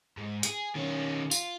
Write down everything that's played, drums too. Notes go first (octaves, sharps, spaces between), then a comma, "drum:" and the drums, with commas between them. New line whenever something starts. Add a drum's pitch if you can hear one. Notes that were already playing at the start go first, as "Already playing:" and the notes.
G#2
G#4, drum: hi-hat
D#3 C#4
F4, drum: tambourine